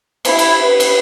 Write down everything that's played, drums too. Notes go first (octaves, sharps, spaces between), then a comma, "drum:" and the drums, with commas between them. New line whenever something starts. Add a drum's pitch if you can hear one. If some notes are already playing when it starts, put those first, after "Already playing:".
E4, drum: cymbal
drum: cymbal
B4
drum: cymbal